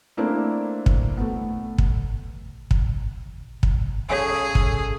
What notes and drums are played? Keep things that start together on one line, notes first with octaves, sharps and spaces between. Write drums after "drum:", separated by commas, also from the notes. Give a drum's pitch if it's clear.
A3 A#3 C4 D4 E4
drum: kick
A3 B3
drum: kick
drum: kick
drum: kick
C#3 G#4 A4 C#5 G#5 C#6
drum: kick